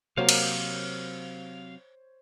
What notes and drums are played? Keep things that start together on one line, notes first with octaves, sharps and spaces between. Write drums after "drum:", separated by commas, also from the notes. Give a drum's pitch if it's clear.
C3 F#3 A#3 F#4 A#4 C5 C#5 F5
drum: cymbal